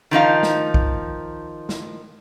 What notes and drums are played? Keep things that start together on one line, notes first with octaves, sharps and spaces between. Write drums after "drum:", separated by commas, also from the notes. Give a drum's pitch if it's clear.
D#3 F3 D#4 F5
drum: snare
drum: kick B1
drum: snare